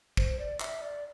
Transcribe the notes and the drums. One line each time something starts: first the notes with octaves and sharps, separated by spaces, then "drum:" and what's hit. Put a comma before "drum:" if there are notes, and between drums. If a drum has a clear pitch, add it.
C5, drum: kick
D5
E5, drum: clap
D5